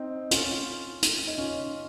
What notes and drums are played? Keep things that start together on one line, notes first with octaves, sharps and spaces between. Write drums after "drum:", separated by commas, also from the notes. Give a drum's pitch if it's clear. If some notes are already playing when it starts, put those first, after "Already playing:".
Already playing: C4 D#4
C#4 F4, drum: hi-hat
drum: hi-hat
D#4
C#4 F4